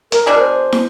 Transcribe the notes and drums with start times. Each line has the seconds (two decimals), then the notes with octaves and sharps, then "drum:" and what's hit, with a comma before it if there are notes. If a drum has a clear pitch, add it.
0.12 A#4, drum: hi-hat
0.26 B2 D4 G#4
0.39 C5
0.72 drum: snare